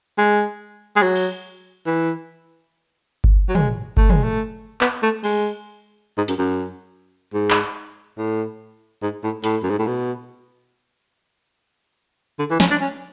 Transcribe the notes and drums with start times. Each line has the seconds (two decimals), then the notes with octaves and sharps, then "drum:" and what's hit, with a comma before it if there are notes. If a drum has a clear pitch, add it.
0.18 G#3
0.96 G#3
1.02 F#3
1.16 drum: cymbal
1.86 E3
3.24 drum: kick G1
3.48 F#3
3.55 G#3, drum: tom
3.97 A3, drum: kick G1
4.10 G#3, drum: tom
4.24 A3
4.81 B3, drum: clap
5.03 A3
5.24 G#3, drum: cymbal
6.18 G#2
6.28 F#2, drum: hi-hat
6.38 F#2
7.34 G#2
7.50 drum: clap
8.18 A2
9.02 G#2
9.23 A2
9.44 A2, drum: hi-hat
9.63 F#2
9.70 G#2
9.79 A2
9.87 B2
12.39 D3
12.50 E3
12.60 C#4, drum: snare
12.70 D4
12.81 C#4